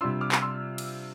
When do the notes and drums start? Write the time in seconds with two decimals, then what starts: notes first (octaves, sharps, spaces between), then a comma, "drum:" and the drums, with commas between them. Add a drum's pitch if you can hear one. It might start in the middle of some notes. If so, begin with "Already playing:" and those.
0.01 C3 G3 D4 F4 C6 E6
0.21 D6 F6
0.32 drum: clap
0.42 C6 E6
0.78 drum: cymbal